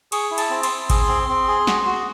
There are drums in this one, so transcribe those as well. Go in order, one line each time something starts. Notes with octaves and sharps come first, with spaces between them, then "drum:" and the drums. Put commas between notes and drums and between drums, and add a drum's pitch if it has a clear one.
G#4 C#6, drum: cymbal
E4
A5, drum: cymbal
C4
C6, drum: cymbal
C4
G#4, drum: kick G#1, cymbal
C4
C4
G#4
F#4, drum: snare
F#4